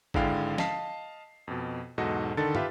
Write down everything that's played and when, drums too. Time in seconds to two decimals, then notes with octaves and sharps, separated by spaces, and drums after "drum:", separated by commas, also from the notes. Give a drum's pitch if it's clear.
0.14 G#1 D3 G#3 E4 F5 G5, drum: kick G#1
0.58 D#5 F5 A5 B6 C7, drum: snare
1.48 F2 B2
1.98 B1 E2 G#2 F#4 A4 D#5
2.37 D3 D#3 A4 A6
2.55 F4 G4 B4 E5, drum: tom